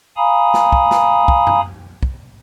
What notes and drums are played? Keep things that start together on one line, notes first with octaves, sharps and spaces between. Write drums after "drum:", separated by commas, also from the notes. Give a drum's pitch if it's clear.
F5 G#5 A#5 B5 D#6
drum: snare
drum: kick
drum: snare
drum: kick
drum: tom F#2
drum: kick